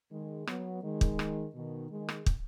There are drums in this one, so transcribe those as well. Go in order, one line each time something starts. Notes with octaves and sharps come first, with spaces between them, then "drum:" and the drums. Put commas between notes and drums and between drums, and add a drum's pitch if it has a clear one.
D#3 G#3
F#3 B3, drum: rim click
D#3 G#3
drum: kick
drum: rim click
B2 D#3
D#3 G#3
drum: rim click
drum: kick